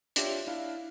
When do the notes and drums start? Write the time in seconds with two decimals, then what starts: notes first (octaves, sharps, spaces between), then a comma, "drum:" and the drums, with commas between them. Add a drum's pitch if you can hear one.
0.16 D4 F4 G4 C#5 D5 E5, drum: hi-hat
0.47 D4 E4 F5